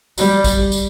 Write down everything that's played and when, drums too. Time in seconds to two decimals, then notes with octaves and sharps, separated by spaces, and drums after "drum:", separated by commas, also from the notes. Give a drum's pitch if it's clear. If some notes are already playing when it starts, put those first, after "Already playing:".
0.18 G3, drum: tambourine
0.44 drum: kick, tambourine
0.72 drum: tambourine